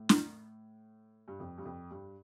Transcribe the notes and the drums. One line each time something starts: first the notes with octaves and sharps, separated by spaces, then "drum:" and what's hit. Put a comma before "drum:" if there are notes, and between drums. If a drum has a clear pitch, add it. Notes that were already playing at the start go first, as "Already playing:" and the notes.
Already playing: A2
drum: snare
G2
F2
G2
F2
G2